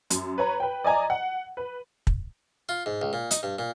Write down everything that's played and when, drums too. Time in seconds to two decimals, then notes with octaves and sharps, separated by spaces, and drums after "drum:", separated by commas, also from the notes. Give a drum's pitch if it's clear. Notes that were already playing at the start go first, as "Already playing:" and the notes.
0.10 F#2, drum: hi-hat
0.38 B4 C#5 A#5
0.60 B4 G5
0.84 D5 D#5 G#5 A#5
1.10 F#5
1.57 B4
2.07 drum: kick
2.69 F4
2.86 G#2
3.02 C#2
3.13 A#2
3.31 D#4, drum: hi-hat
3.43 G2
3.59 A#2